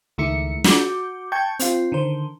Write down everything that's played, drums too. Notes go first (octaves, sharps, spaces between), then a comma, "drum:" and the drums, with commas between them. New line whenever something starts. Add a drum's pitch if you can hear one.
C#2 D#3 A3 E4 C#7
F#4 D6 G6, drum: snare
G5 A5 C#6 G6 G#6
C4 F4, drum: hi-hat
D3 D#3 C5